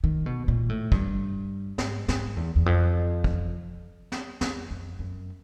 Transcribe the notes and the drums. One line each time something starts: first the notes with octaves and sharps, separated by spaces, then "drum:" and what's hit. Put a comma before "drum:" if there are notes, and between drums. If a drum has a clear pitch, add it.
D#3
B2
A#2
A2
G2, drum: kick
G#2, drum: snare
G#2, drum: snare
E2
E2
F2
drum: kick
drum: snare
F2, drum: snare
F2
F#2